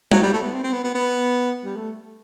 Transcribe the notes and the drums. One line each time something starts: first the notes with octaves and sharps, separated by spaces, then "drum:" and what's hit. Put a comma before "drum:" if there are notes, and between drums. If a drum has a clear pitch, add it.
F#3, drum: tom G3
G3
A3
B3
C4
C4
B3
B3
B3
G3
A3